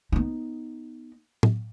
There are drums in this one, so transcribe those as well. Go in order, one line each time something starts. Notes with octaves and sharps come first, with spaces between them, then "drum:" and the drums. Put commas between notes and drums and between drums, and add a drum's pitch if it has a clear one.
B3 D#4
drum: tom A2